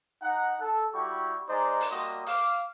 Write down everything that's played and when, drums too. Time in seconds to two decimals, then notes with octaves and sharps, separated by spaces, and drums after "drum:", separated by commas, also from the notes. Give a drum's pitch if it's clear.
0.22 D#4 F#5
0.60 A4
0.94 G3 E4 F#4 G4 C#6
1.49 G#3 D#4 C5 D5 D#5 A#5
1.81 drum: open hi-hat
1.91 G3 A#3 F#4 D#5 C6 D#6
2.27 F5 D6, drum: open hi-hat